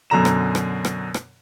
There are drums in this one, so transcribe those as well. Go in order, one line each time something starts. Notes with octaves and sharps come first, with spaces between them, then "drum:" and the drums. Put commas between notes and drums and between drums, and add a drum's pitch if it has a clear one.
F#2 B2 D3 A#5 E7
drum: rim click
drum: rim click
drum: rim click
drum: rim click